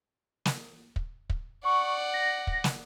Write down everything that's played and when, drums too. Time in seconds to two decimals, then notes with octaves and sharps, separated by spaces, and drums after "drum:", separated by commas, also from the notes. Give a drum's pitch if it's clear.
0.45 drum: snare
0.96 drum: kick
1.30 drum: kick
1.65 D5 F#5 C#6
2.14 A#6
2.47 drum: kick
2.64 drum: snare